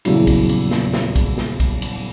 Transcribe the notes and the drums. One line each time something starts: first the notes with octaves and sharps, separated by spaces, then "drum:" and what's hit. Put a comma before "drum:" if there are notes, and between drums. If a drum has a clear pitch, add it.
D#1 E2 C#3 F#3 E4, drum: cymbal
drum: kick, cymbal
drum: cymbal
drum: snare
drum: snare
drum: kick, cymbal
drum: snare
drum: kick, cymbal
drum: cymbal